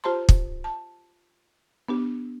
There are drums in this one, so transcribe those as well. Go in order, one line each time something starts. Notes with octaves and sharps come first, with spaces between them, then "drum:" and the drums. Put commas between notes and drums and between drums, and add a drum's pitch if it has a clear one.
F4 G4 C5 A5 A#5 C6
drum: kick
A5
B3 D4 G4